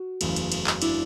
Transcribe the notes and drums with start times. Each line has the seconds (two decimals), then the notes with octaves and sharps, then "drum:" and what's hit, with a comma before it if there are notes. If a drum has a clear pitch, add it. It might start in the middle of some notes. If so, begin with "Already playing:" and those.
Already playing: F#4
0.21 F#1 E2 C#3 E3 A3, drum: cymbal
0.36 drum: cymbal
0.52 drum: cymbal
0.67 drum: clap
0.82 D4 E4, drum: cymbal